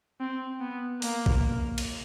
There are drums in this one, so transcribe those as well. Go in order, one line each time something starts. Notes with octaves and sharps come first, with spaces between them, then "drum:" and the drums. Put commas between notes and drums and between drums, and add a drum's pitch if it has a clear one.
C4
B3
A#3, drum: open hi-hat
drum: kick
drum: cymbal